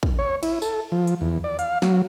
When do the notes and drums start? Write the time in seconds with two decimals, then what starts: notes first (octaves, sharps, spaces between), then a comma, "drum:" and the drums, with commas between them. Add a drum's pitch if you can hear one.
0.03 drum: kick
0.19 C#5
0.43 E4, drum: cymbal
0.62 A4, drum: tambourine
0.92 F3
1.07 drum: hi-hat
1.21 E2
1.44 D5
1.59 F5, drum: hi-hat
1.82 F#3, drum: snare